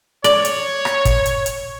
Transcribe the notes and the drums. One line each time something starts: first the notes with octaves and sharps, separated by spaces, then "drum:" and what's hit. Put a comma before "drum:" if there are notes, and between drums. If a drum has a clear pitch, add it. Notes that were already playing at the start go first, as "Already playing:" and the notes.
C#5 D5, drum: hi-hat
drum: hi-hat
drum: rim click
drum: kick, hi-hat
drum: hi-hat
drum: hi-hat